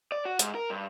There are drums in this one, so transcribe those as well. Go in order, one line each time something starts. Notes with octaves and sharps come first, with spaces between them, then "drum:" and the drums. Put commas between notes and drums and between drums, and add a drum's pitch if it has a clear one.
D5
F#4
G#2, drum: hi-hat
A#4
G2